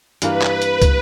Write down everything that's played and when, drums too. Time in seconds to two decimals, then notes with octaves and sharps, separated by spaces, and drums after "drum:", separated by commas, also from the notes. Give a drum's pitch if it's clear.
0.22 G2 E3 A#3 B4, drum: hi-hat
0.42 drum: clap
0.62 drum: hi-hat
0.82 drum: kick, hi-hat